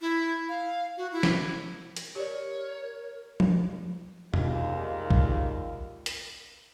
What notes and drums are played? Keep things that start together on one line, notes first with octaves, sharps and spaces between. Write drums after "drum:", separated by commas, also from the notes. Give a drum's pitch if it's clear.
E4
F5
F#4
E4
drum: snare
drum: hi-hat
G4 A#4 C#5 D5
drum: tom F3
D#2 G#2 G3 F4, drum: tom E2
drum: kick
drum: hi-hat